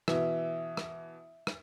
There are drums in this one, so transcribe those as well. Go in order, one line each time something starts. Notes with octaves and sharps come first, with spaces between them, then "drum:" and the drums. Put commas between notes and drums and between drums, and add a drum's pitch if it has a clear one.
B2 E3 E5, drum: rim click
drum: rim click
drum: rim click